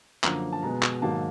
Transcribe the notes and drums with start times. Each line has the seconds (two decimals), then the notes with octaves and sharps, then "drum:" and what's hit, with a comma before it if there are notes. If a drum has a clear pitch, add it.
0.24 F#2 D3 F3 A#3 A#5, drum: clap
0.52 A5
0.63 B2 G#3 B3 A#5
0.83 drum: clap
1.02 G#2 D#3 F#3 A#3 A5